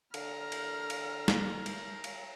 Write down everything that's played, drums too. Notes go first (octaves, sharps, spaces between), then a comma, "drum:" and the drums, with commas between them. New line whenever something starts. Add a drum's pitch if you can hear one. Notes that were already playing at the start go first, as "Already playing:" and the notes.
D3 A#5 F6, drum: cymbal
drum: cymbal
drum: cymbal
drum: snare
drum: cymbal
drum: cymbal